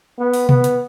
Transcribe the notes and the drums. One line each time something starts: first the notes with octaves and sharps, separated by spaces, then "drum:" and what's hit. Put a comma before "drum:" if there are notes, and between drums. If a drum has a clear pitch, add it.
B3
drum: open hi-hat
B3, drum: tom B2
drum: hi-hat